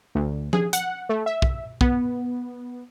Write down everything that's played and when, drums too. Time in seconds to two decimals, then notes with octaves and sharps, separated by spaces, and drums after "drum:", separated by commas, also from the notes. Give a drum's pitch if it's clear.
0.15 D2
0.53 G#4, drum: tom F3
0.73 F#5, drum: hi-hat
1.09 A3
1.26 E5
1.42 drum: kick
1.81 B3, drum: kick